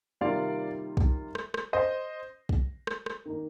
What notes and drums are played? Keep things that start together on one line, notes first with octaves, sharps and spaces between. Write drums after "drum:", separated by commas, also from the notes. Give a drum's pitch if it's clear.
C3 D#3 G3 A#3 F4 D5 F5
drum: kick
drum: rim click
drum: rim click
C5 D#5
drum: kick
drum: rim click
drum: rim click
D#3 A#3 D#4